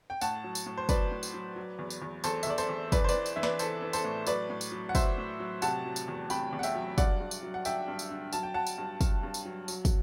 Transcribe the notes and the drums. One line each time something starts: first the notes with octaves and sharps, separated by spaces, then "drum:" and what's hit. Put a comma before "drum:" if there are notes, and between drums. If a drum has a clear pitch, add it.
G5
A2 F#5 A5, drum: tambourine
F#3
drum: tambourine
A2
C5
F#3 B4 D5, drum: kick, tambourine
A2
drum: tambourine
F#3
F#3
E2
drum: tambourine
E2
E2 A4 C5, drum: tambourine
E5, drum: tambourine
E2 D5
A4 C5, drum: tambourine
E2
E3 B4 D5, drum: kick, tambourine
C5
B4 D5, drum: tambourine
E3
drum: tambourine
E3 E5
B4 D5, drum: snare
E3 A4 C5, drum: tambourine
E3
A4 C5, drum: tambourine
A2
F#3 B4 D5, drum: tambourine
A2
drum: tambourine
F#3
F#5
F#3 C5 E5, drum: kick, tambourine
A2
F#3
C3 F#5 A5, drum: tambourine
F#3
drum: tambourine
E2
C3 G5 B5, drum: tambourine
E2
F#5
E5 G5, drum: tambourine
F#3
G2 D5 F#5, drum: kick, tambourine
G2
drum: tambourine
F#3
F#5
D3 E5 G5, drum: tambourine
G2
drum: tambourine
D3
F#3 A5, drum: tambourine
G5
F#3 F#5 A5
drum: tambourine
G2
G2, drum: kick, tambourine
G2
drum: tambourine
F#3
F#3, drum: tambourine
drum: kick, tambourine